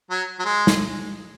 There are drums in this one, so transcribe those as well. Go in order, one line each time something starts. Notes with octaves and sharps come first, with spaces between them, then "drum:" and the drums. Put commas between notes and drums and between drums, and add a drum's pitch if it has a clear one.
F#3
F#3
G#3
drum: snare